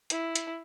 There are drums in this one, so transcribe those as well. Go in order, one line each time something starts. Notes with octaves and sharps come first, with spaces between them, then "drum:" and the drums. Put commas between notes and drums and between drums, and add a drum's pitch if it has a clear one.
E4, drum: hi-hat
drum: hi-hat